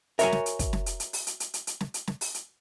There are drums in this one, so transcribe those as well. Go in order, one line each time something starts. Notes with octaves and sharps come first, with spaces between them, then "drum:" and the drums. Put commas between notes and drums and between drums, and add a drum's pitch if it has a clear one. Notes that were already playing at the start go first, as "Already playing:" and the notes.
F#4 A#4 C#5 E5 G#5, drum: hi-hat
drum: snare
drum: hi-hat
drum: kick, hi-hat
drum: snare
drum: hi-hat
drum: hi-hat
drum: open hi-hat
drum: hi-hat
drum: hi-hat
drum: hi-hat
drum: hi-hat
drum: snare
drum: hi-hat
drum: snare
drum: open hi-hat
drum: hi-hat